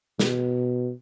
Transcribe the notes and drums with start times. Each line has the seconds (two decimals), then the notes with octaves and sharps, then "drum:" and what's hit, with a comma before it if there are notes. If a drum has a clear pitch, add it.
0.19 B2, drum: snare